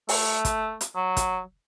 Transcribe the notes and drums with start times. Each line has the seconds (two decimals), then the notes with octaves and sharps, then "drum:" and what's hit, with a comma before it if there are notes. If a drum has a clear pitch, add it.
0.09 A3, drum: open hi-hat
0.45 drum: kick, hi-hat
0.81 drum: hi-hat
0.96 F#3
1.17 drum: kick, hi-hat